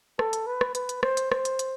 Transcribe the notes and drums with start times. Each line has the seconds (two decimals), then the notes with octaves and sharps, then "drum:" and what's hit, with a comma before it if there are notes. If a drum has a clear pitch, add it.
0.19 A4, drum: rim click
0.33 drum: hi-hat
0.47 B4
0.61 drum: rim click
0.75 B4, drum: hi-hat
0.89 drum: hi-hat
1.03 C5, drum: rim click
1.17 drum: hi-hat
1.32 C5, drum: rim click
1.45 drum: hi-hat
1.59 drum: hi-hat